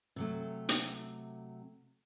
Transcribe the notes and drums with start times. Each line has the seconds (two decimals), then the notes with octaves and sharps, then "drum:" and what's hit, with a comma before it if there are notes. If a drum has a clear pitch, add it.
0.16 C3 F#3 A3
0.69 drum: hi-hat